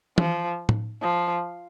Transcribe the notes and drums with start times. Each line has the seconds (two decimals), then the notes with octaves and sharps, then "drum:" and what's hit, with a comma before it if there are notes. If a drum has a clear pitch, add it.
0.18 F3, drum: tom E3
0.69 drum: tom
1.02 F3